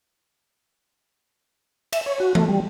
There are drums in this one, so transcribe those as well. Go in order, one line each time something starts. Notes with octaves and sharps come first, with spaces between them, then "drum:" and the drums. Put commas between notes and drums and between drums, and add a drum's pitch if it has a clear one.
E5, drum: cymbal
C#5
F#4
A3, drum: tom E3
G3